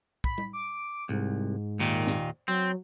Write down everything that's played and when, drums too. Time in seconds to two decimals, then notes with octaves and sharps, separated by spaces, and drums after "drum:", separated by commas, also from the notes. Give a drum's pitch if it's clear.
0.24 B5, drum: kick
0.38 drum: tom G3
0.53 D6
1.09 C2 G#2
1.79 D#2 A#2 D#3
2.07 drum: snare
2.48 F#3 C4